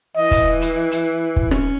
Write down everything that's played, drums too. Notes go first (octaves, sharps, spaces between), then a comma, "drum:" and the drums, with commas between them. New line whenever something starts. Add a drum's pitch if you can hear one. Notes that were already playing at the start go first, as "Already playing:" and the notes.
E3 D#5
drum: kick, hi-hat
drum: hi-hat
drum: hi-hat
drum: kick
C#4, drum: rim click